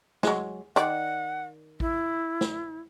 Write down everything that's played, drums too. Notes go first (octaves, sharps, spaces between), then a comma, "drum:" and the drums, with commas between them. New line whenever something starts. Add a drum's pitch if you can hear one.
F#3 G#3, drum: snare
D#3 D5 F#5, drum: hi-hat
E4, drum: kick A1
drum: snare